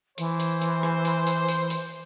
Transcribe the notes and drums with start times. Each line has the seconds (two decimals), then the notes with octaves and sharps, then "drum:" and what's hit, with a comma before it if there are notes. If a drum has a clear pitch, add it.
0.18 E3 C5, drum: hi-hat
0.40 drum: hi-hat
0.61 drum: hi-hat
0.83 drum: rim click
1.05 drum: hi-hat
1.27 drum: hi-hat
1.49 drum: hi-hat
1.70 drum: hi-hat